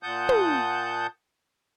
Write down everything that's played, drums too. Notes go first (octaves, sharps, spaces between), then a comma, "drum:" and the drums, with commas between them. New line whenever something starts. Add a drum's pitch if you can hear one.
A#2 F#5 A5 D#6 G6
drum: tom